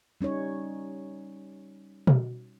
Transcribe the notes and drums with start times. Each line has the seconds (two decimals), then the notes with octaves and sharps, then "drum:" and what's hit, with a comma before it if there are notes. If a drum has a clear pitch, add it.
0.21 G3 C#4 D#4 C#5
2.07 drum: tom B2